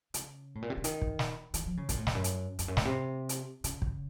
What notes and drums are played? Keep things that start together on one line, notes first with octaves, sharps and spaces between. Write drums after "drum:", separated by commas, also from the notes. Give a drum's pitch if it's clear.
C#3, drum: hi-hat
A2
A#2
C3
C#3
D#3, drum: hi-hat
drum: kick
drum: snare
D#3, drum: hi-hat
F3
C#3
A#2, drum: kick, hi-hat
A2
F2, drum: snare
F#2
drum: hi-hat
F2, drum: hi-hat
F#2
A2, drum: snare
C3
drum: hi-hat
C#3, drum: hi-hat
drum: kick